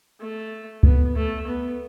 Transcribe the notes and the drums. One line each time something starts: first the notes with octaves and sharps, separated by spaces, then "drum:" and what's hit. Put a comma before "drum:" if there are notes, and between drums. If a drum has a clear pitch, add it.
A3
B3, drum: kick C#2
A3
B3